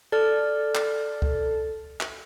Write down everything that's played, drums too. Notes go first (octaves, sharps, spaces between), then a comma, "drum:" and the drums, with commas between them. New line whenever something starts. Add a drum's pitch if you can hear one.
A4 D5 F6
drum: clap
drum: kick
drum: clap